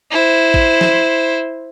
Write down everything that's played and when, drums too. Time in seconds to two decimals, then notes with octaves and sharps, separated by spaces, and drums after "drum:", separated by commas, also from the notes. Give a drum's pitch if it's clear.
0.12 E4 C5
0.54 drum: kick A1
0.81 drum: snare